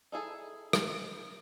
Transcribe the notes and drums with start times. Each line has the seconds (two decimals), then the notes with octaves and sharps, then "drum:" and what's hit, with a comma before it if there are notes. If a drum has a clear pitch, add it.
0.12 D#4 E4 G#4 A4
0.73 drum: rim click